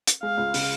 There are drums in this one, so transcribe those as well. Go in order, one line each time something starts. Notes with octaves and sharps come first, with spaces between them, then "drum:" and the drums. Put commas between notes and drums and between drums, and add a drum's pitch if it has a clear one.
drum: hi-hat
G#3 F5
C#2
C#3, drum: open hi-hat